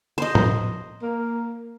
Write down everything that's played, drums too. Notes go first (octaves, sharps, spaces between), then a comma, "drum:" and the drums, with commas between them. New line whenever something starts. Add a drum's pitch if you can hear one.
C5 D#5
drum: tom A2
A#3